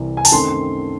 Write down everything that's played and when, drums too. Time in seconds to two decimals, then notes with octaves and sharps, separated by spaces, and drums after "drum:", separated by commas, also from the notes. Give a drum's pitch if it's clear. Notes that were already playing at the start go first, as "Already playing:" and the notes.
Already playing: C2 C3 E3
0.17 G#5
0.25 A5, drum: open hi-hat
0.32 F#2 D#3 A3 C4 C6